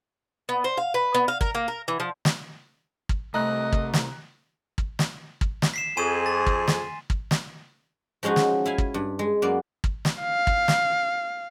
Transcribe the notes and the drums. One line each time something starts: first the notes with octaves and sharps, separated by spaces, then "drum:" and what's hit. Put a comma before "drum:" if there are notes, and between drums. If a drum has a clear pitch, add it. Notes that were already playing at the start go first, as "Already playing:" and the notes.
B3
C5
F5
B4
B3
F5
A#4, drum: kick
A#3
A#4
E3
F3
drum: snare
drum: kick
C2 A3 D#5 A#5 F#6
drum: kick
drum: snare
drum: kick
drum: snare
drum: kick
drum: snare
B6 C7 E7
F2 G#4 G#5 C6 D#7
A6
drum: kick
drum: snare
drum: kick
drum: snare
F3 G#3 C#4 D#4 F#4
drum: snare
E4 F5 G#5
drum: kick
G2
G#3
F#2 A#3 B3 D5
drum: kick
drum: snare
F5
drum: kick
drum: snare